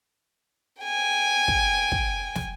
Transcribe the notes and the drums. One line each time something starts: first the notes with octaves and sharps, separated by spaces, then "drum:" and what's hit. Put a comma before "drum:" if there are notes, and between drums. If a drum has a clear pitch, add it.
G5 G#5
drum: kick
drum: kick
drum: snare